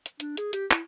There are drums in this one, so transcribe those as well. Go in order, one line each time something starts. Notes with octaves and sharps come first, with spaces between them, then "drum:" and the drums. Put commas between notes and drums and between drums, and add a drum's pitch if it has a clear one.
drum: hi-hat
D4, drum: hi-hat
G#4, drum: hi-hat
G4, drum: hi-hat
E4, drum: clap